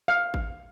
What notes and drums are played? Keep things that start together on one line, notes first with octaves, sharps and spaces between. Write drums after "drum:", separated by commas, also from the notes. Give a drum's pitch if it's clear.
F5
drum: kick G#1